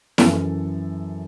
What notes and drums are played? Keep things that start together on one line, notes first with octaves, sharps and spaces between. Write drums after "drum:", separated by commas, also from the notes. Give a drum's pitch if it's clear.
F#2 E3 A4, drum: snare E4